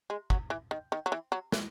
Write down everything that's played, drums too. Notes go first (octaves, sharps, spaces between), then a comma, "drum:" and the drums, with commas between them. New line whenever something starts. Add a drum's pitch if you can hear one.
G#3
F#3, drum: kick
E3
D#3
D#3
F#3
E3
F#3
E3, drum: snare